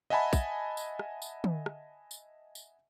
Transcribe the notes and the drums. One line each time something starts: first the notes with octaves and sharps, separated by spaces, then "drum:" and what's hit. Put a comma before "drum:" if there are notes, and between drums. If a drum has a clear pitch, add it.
D#5 E5 F#5 G#5 A5 B5
drum: kick, tambourine
drum: tambourine
drum: rim click
drum: tambourine
drum: tom
drum: rim click
drum: tambourine
drum: tambourine